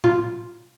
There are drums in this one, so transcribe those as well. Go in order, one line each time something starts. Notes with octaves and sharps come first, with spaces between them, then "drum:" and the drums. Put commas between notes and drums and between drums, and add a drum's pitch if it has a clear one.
F4, drum: tom A2